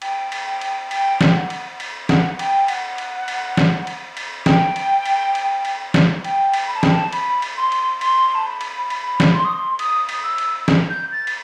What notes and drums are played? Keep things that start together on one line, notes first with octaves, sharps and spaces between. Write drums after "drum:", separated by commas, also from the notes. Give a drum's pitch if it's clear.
G5, drum: cymbal
drum: cymbal
G5
drum: cymbal
G5, drum: cymbal
drum: snare
F#5
drum: cymbal
drum: cymbal
F#5, drum: snare
G5, drum: cymbal
F#5, drum: cymbal
drum: cymbal
drum: cymbal
drum: snare
drum: cymbal
drum: cymbal
G5, drum: snare
drum: cymbal
drum: cymbal
drum: cymbal
drum: cymbal
drum: snare
G5, drum: cymbal
drum: cymbal
B5
A5
G5, drum: snare
A5
B5, drum: cymbal
drum: cymbal
C6
drum: cymbal
C6, drum: cymbal
A5
B5
drum: cymbal
B5, drum: cymbal
drum: snare
C6
D#6
C6
D#6, drum: cymbal
drum: cymbal
E6
drum: cymbal
drum: snare
G6
A6
drum: cymbal